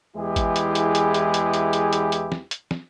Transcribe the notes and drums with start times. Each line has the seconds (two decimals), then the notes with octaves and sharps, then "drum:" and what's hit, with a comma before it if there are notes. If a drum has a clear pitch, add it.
0.17 E2 E3 G#3 E4 G4 G#4
0.36 drum: kick G#1, hi-hat
0.56 drum: hi-hat
0.75 drum: hi-hat
0.95 drum: hi-hat
1.14 drum: hi-hat
1.34 drum: hi-hat
1.54 drum: hi-hat
1.73 drum: hi-hat
1.93 drum: hi-hat
2.12 drum: hi-hat
2.32 drum: snare
2.51 drum: hi-hat
2.71 drum: snare